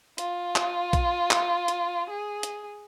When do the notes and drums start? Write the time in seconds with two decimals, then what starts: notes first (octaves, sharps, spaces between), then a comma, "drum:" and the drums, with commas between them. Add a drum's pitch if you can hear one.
0.18 F4, drum: hi-hat
0.56 drum: clap
0.93 drum: kick A#1, hi-hat
1.31 drum: clap
1.68 drum: hi-hat
2.09 G#4
2.43 drum: hi-hat